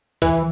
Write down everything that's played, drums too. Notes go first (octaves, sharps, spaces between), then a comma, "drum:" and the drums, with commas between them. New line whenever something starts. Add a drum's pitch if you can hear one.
E3, drum: kick C#2, hi-hat